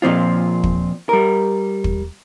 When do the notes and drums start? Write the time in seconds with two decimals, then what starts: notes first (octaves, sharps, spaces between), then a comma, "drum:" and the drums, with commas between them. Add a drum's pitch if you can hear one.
0.02 A#2 F3 C4 F4
0.64 drum: kick
1.09 G3 A#4
1.84 drum: kick